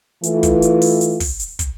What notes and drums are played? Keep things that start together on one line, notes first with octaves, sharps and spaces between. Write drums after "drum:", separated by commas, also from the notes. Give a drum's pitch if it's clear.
E3 A3 F4, drum: hi-hat
drum: kick, hi-hat
drum: hi-hat
drum: open hi-hat
drum: hi-hat
drum: kick, open hi-hat
drum: hi-hat
drum: kick, hi-hat